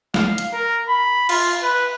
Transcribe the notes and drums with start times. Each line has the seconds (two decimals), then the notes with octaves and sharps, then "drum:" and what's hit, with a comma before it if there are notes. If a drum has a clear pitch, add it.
0.14 F5, drum: snare
0.38 drum: hi-hat
0.53 A#4
0.88 B5
1.29 F4, drum: cymbal
1.62 B4